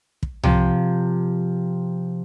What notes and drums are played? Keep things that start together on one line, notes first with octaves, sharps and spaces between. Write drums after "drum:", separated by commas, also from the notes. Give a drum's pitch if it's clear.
drum: kick
C3 F3, drum: tom C2